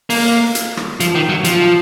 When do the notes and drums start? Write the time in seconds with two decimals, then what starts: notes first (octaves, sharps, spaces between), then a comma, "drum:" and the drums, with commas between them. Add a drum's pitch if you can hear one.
0.10 A#3, drum: open hi-hat
0.55 drum: hi-hat
0.77 drum: rim click
1.00 F3, drum: hi-hat
1.15 D#3
1.29 F#3
1.44 F3, drum: hi-hat